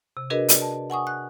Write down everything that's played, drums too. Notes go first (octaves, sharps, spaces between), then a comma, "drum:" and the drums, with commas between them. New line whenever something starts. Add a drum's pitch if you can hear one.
C3
D4 F#4 G#4 A#4 B4 D#5
D5, drum: hi-hat
A5
F#5 G#5 C#6 D#6
F#6